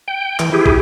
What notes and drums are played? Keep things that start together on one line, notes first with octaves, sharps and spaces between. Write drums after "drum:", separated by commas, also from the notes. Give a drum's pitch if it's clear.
G5
E3, drum: clap
E4 G4 G#4
drum: kick